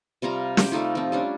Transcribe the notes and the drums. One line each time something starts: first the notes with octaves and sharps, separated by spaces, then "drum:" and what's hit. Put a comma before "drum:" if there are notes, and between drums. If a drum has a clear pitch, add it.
C3 G3 F4 A#5
G4 C5, drum: snare
G3 A3 D#4 F4
F3 C4
G3 C#4 D4